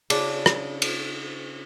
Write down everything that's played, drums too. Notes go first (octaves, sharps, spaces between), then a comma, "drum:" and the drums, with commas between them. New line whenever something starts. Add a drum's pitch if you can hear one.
C#3 D4, drum: cymbal
drum: rim click
drum: cymbal